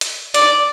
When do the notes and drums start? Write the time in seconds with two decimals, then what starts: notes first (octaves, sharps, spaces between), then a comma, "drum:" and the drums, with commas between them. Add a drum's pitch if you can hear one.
0.01 drum: hi-hat
0.34 D5, drum: hi-hat